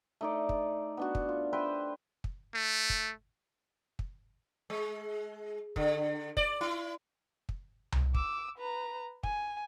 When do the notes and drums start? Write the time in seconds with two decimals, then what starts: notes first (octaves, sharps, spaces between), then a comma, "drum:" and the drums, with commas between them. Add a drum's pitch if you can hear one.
0.21 A3 D#4 D5
0.49 drum: kick
0.97 B3 D4 F#4
1.15 drum: kick
1.29 F4
1.53 B4 C5 E5 G5
2.24 drum: kick
2.54 A3
2.90 drum: kick
3.99 drum: kick
4.70 G#3
5.76 D3, drum: kick
6.37 D5, drum: kick
6.61 E4
7.49 drum: kick
7.92 drum: tom C2
8.15 D6 E6, drum: kick
8.58 B4 A#5
9.23 G#5, drum: kick